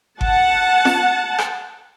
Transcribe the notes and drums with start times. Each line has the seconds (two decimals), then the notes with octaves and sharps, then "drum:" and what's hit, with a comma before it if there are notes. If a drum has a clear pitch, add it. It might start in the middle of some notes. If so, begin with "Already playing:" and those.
0.21 F#5 A5, drum: kick G1
0.85 drum: snare
1.38 drum: rim click